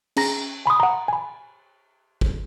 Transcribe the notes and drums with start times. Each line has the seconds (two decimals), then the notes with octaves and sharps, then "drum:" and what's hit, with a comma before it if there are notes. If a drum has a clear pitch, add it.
0.16 C#4 G#4 A#5 A#6, drum: cymbal
0.66 G#5 B5 C6 D#6
0.80 F#5 A#5
1.08 G#5 B5
2.21 drum: kick